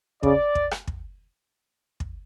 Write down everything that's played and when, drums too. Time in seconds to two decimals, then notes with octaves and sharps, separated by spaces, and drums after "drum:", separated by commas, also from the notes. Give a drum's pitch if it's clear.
0.23 C#3 D5, drum: kick
0.55 drum: kick
0.71 drum: rim click
0.87 drum: kick
2.00 drum: kick